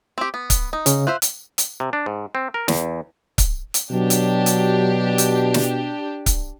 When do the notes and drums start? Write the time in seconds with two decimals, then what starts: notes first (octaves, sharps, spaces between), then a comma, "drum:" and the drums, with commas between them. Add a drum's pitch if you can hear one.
0.18 C4 G4
0.34 B3
0.50 drum: kick C#1, hi-hat
0.73 D#4
0.86 C#3 C#4, drum: hi-hat
1.07 F4 C5 E5 F#6
1.22 drum: hi-hat
1.58 drum: hi-hat
1.80 C3
1.93 D4
2.06 G#2
2.35 C4
2.54 A#4
2.68 E2, drum: snare
3.38 drum: kick C#1, hi-hat
3.74 drum: hi-hat
3.91 B2 F#3 D4 G4
4.10 drum: hi-hat
4.46 drum: hi-hat
5.18 drum: hi-hat
5.54 drum: snare
6.26 drum: kick C#1, hi-hat